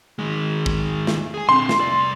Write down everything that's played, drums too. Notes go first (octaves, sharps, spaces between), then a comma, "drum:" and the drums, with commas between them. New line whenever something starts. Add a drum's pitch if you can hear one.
D#3 G#3
drum: kick
drum: snare
G#4 G#5
D3 C4 C6
drum: snare
C2 D5